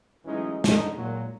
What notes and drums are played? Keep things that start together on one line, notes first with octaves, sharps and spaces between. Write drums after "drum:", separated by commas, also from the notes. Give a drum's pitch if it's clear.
A1 E3 F#3 G#3 C#4 D#4
F#2 A2 D3 F#3 D#4, drum: snare
A#2 F#3